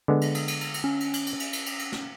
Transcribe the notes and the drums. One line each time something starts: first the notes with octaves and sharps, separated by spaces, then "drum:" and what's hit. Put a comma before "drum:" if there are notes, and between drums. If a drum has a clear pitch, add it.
D3 G#3 B3
drum: cymbal
drum: cymbal
drum: cymbal
drum: cymbal
drum: cymbal
C#4
drum: cymbal
drum: cymbal
drum: cymbal
drum: cymbal
drum: cymbal
drum: cymbal
drum: cymbal
drum: snare